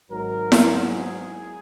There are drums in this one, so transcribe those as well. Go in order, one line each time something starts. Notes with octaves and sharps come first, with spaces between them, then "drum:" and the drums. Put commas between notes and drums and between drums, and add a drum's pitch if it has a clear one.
G#1 G#2 F#3 A#4
drum: snare E4
G#4